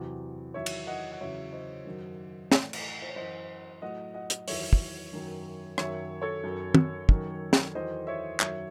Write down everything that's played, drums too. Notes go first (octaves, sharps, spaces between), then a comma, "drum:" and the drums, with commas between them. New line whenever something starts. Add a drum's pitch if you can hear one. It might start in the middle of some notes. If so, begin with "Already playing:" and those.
Already playing: E2 C3 F#3
E2 D#3 F#3 C#5 E5
drum: cymbal
D#5 F#5
F#5
E2 C#3 F#3 C#5 E5
C5 D#5
F#2 D#3 F#3
A2 E3, drum: snare
drum: cymbal
C5
C#5
F#2 E3 C5 D#5
A2 F#3 D#5 F#5
D#5 F#5
drum: hi-hat
E2 D#3 F#3 C#5 E5, drum: open hi-hat
drum: kick
F#2 D#3 F#3
F#2 D#3 F#3 C#5 E5, drum: rim click
A4 C#5
F#2 D#3 F#3
drum: tom
F#2 D#3 F#3, drum: kick
drum: snare
E2 D#3 F#3 C5 D#5
C#5 E5
F#2 D#3 F#3 C#5 E5, drum: clap